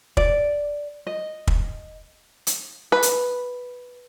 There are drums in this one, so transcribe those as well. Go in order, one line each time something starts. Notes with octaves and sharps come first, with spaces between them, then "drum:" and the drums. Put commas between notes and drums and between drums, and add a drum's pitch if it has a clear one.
D5, drum: kick
D#5
drum: kick
drum: hi-hat
B4
drum: hi-hat